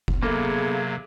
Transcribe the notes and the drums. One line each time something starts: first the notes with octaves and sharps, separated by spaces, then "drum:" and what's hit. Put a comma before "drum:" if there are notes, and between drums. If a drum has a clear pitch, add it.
drum: kick F1
C3 F#3 A#3 B3 G#4 A4 F5 G#6